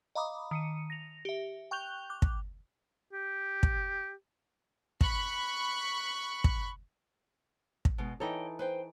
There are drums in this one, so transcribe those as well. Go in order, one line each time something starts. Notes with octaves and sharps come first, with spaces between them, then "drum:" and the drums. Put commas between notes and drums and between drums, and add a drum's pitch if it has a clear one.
D#5 F5 A#5 B5 D6 D#6
D#3 C#7 D#7
A#6 F7
G4 E5
G5 C#6 F#6 G6 F7 G7
D6 F#6
drum: kick
G4
drum: kick
B5 C#6 F#6, drum: kick
drum: kick
drum: kick
B2 G#3
E3 D#4 A4 C#5 D#5 G5
B4 C5 G5